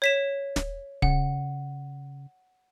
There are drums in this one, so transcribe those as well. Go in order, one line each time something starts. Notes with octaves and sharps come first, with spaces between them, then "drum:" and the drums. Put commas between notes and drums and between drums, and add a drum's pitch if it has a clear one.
C#5 B6 E7
drum: snare
C#3 F#5, drum: kick D1